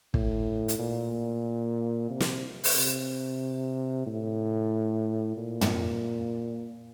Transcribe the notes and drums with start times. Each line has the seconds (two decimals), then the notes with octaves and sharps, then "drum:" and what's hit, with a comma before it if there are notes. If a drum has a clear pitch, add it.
0.14 A2, drum: kick
0.68 drum: hi-hat
0.79 A#2
2.10 C3
2.20 drum: snare
2.64 drum: open hi-hat
2.76 C3
4.06 A2
5.37 A#2
5.61 drum: tom